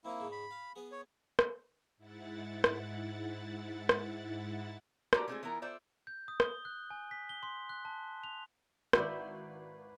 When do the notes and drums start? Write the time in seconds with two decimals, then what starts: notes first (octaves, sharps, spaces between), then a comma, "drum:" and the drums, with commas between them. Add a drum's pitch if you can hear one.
0.05 A#3 C4 D#4 E4
0.20 G#2 C#3
0.32 B5
0.51 F5
0.76 B3 G#4
0.92 C#5
1.39 drum: rim click
1.97 G#2 E4 F#5 A6
2.64 drum: rim click
3.89 drum: rim click
5.13 G3 D4 F#4 G4 D5 A#5, drum: rim click
5.28 G#3 A3 C4 D#4 F4 G#4
5.43 E3 B3 E4 F4 A#4 A#5
5.62 F4 A4 C5 D5 E5 G5
6.07 G6
6.28 D#6
6.40 G7, drum: rim click
6.65 F#6
6.90 G#5
7.11 B6
7.29 G7
7.43 C6
7.69 F#6
7.85 A5
8.23 F7
8.93 G#1 E4 F#4 B4 D5 E5 G6, drum: rim click